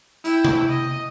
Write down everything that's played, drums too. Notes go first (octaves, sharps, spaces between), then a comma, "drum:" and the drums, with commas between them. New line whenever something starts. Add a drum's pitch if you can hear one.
E4 G5, drum: hi-hat
drum: tom C3
D#5